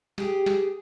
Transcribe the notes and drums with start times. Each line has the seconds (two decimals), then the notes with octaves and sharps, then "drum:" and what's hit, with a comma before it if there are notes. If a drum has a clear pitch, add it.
0.18 G4 G#4, drum: snare
0.46 drum: snare